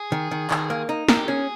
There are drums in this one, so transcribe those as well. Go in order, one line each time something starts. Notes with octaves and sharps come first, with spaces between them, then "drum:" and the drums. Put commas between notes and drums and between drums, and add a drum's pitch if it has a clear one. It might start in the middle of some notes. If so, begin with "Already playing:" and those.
Already playing: G#4
D#3
D#3
D#3, drum: clap
A#3
D#4
A#4, drum: snare
G4
C#4 G#4